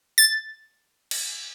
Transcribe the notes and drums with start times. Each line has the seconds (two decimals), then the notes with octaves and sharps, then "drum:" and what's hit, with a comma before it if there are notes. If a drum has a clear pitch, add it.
0.18 A6
1.11 drum: cymbal